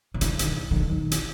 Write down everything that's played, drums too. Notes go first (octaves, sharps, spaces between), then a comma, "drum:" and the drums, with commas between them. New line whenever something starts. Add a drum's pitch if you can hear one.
C#3
D3, drum: hi-hat
D#3, drum: hi-hat
D3
D#3
drum: hi-hat